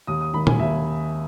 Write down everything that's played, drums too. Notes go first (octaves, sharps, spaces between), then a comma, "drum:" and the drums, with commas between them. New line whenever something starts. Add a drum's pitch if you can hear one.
D#2 D#6
D#6
D#3 A#3 B5
G#5, drum: tom
D#2 E5